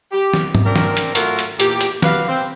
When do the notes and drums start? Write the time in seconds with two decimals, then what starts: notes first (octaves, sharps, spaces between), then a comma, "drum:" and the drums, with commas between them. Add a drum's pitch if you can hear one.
0.12 G4
0.34 drum: snare
0.55 drum: tom G#2
0.66 C4 D4 A#4
0.76 drum: snare
0.97 drum: hi-hat
1.15 F#3 A3 F4 A#4, drum: hi-hat
1.39 drum: hi-hat
1.60 E2 A#2 G4, drum: hi-hat
1.81 drum: hi-hat
2.02 F#4 G4 B4 F5, drum: snare
2.28 C4